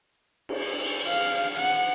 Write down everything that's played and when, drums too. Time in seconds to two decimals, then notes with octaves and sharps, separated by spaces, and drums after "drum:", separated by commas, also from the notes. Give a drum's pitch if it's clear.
0.49 drum: cymbal
0.86 drum: cymbal
1.06 F5, drum: hi-hat
1.55 F#5, drum: hi-hat